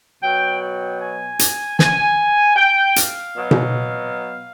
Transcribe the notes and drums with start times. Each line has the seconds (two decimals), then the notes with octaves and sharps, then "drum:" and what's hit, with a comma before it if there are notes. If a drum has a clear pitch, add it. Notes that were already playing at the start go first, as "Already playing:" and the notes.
0.22 B2 F#3 G5
0.61 G5
1.01 G#5
1.39 drum: hi-hat
1.79 G#5, drum: snare
2.56 G5
2.96 F5, drum: hi-hat
3.35 B2 F#3
3.51 drum: tom B2